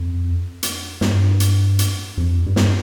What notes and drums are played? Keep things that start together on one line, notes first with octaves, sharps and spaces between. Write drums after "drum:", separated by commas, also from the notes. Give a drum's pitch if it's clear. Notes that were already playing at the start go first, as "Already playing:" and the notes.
Already playing: F2
drum: hi-hat
G2, drum: snare
drum: hi-hat
drum: hi-hat
F2
G2
drum: snare